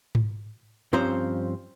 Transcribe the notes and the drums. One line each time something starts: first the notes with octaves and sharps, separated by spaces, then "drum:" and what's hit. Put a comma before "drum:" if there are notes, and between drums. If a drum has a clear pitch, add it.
drum: tom G#2
G2 F3 C4 C#4 C5 A#5